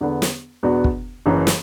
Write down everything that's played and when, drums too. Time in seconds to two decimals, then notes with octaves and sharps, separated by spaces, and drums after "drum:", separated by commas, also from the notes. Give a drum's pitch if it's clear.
0.01 E2 D3 B3
0.22 drum: snare
0.63 E2 B2 B3 D4 F#4
0.84 drum: kick
1.26 F#1 F#2 E3
1.47 drum: snare